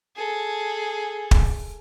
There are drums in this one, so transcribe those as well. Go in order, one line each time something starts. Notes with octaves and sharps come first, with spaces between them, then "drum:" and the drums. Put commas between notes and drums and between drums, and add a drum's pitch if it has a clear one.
G#4 A4
drum: kick